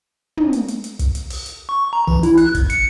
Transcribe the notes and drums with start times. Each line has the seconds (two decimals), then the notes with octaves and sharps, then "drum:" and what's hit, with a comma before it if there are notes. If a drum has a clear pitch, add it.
0.37 drum: tom
0.53 drum: hi-hat
0.68 drum: hi-hat
0.84 drum: hi-hat
0.99 drum: kick, hi-hat
1.15 drum: hi-hat
1.30 drum: open hi-hat
1.46 drum: hi-hat
1.69 C#6
1.93 A#5
2.07 E3, drum: kick
2.23 E4, drum: hi-hat
2.37 F#6, drum: hi-hat
2.55 G#1, drum: kick, hi-hat
2.70 C#7, drum: hi-hat